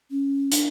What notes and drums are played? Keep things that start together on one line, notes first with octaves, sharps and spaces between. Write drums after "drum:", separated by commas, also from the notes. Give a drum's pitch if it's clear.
C#4
D4, drum: hi-hat